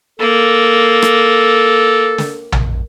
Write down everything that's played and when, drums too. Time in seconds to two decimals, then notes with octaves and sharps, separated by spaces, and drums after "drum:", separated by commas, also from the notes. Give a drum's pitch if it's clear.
0.20 A#3 A4
1.02 drum: rim click
2.18 drum: snare
2.52 drum: tom